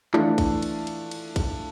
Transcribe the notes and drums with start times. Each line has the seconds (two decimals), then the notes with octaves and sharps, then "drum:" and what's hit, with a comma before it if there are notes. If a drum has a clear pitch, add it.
0.13 E3 A3 D4 F4 A4, drum: clap
0.38 drum: kick, cymbal
0.62 drum: cymbal
0.87 drum: cymbal
1.11 drum: cymbal
1.36 drum: kick, cymbal